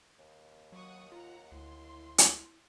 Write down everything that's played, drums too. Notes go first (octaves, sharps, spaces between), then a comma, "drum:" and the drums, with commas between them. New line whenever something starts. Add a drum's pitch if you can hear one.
D#2
F#3 F#5 C#6 D#6
F4 F#5 A#5
D2 E4 C6
drum: hi-hat